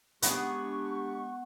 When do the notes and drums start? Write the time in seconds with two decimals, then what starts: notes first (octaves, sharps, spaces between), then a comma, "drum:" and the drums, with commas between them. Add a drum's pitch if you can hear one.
0.22 G#3 B3 D4 G4 G#4 F#5 C#6, drum: hi-hat